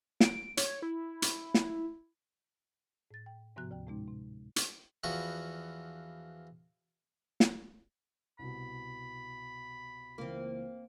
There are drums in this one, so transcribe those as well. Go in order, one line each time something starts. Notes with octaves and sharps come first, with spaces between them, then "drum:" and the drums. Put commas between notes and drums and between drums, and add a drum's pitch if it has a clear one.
D7, drum: snare
C#5, drum: hi-hat
E4
drum: hi-hat
drum: snare
A2 A6
G5
G#2 C3 F3 B3 F#4 F#6
D2 F3 G5
A2 C3 G#3 C#4 D#4
C3
drum: hi-hat
E2 F3 B3 F#4 C#6
drum: snare
C2 B2 B5
C#2 E3 A#3 C4